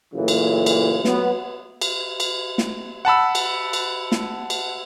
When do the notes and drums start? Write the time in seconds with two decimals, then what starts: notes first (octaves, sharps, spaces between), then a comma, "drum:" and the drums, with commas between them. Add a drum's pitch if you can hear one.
0.14 A#2 C#3 E3 F#3 A3
0.28 drum: cymbal
0.66 drum: cymbal
1.05 F#3 B3, drum: snare
1.81 drum: cymbal
2.20 drum: cymbal
2.58 drum: snare
3.05 F#5 A5 B5 E6
3.35 drum: cymbal
3.73 drum: cymbal
4.12 drum: snare
4.50 drum: cymbal